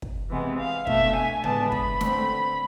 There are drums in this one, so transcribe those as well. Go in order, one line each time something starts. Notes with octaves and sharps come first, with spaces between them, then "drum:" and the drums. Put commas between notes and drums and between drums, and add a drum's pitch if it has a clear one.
drum: kick
C3 E3 G#3 B3
F5
B2 A3 D4 E5, drum: kick
G#5
A2 G#3 B3 D4 A5, drum: tom C#3
B5, drum: kick
D3 A3 C4, drum: snare